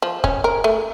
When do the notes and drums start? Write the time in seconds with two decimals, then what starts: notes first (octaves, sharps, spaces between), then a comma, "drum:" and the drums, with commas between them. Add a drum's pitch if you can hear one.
0.02 F3
0.24 C#4, drum: kick
0.44 A#4
0.64 A3